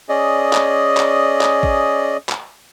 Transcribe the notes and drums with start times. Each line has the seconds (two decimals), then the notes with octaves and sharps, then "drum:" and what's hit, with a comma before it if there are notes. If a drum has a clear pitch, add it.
0.09 C#4 G#4 D5 D#5
0.53 drum: clap
0.97 drum: clap
1.41 drum: clap
1.63 drum: kick
2.29 drum: clap